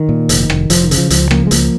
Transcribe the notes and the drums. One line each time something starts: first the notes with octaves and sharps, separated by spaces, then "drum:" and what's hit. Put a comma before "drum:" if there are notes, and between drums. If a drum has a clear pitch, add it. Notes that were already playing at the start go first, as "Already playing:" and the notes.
Already playing: D#3
A#2
F1, drum: hi-hat
F1, drum: rim click
F1 F3, drum: hi-hat
D#3
C#3, drum: hi-hat
F3
C#2 F3, drum: hi-hat
C#3 F3 A#3, drum: rim click
G#3
C#2 F3 A#3, drum: hi-hat